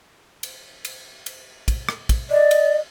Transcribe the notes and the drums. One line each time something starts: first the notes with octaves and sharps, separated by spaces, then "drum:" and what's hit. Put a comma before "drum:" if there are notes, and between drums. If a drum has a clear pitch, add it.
drum: cymbal
drum: cymbal
drum: cymbal
drum: kick, cymbal
drum: rim click
drum: kick, cymbal
D5 D#5
drum: cymbal